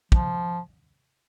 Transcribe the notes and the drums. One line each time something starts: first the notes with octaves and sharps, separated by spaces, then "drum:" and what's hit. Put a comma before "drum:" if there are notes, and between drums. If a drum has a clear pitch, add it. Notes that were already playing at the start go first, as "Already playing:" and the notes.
F3, drum: kick